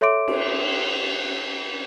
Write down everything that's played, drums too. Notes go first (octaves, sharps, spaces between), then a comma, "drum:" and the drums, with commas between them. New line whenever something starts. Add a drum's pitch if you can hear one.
A4 C#5 E5 C6 D6 D7
drum: cymbal